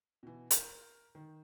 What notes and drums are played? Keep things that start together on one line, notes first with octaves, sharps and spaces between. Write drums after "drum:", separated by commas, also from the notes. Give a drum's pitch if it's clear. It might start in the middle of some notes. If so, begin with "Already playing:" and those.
B2 E3
A#4 G6, drum: hi-hat
D#3